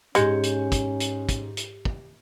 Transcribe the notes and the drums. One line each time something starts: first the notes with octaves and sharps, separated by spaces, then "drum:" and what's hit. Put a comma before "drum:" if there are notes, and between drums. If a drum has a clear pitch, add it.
G#2 G#3 C#4 G4 G6 C#7, drum: hi-hat
drum: hi-hat
drum: kick, hi-hat
drum: hi-hat
drum: kick, hi-hat
drum: hi-hat
drum: kick